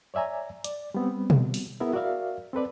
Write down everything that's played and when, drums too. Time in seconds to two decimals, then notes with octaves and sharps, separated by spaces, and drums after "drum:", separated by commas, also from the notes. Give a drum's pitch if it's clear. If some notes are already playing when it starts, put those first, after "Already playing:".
0.14 C#5 D5 E5 G#5 A#5
0.64 D5, drum: hi-hat
0.94 G3 B3 C4
1.30 drum: tom B2
1.54 drum: open hi-hat
1.80 B3 E4 G#4 A#4 E5
1.93 F#4 A#4 D5 E5 F5
2.53 C4 A4 B4 D5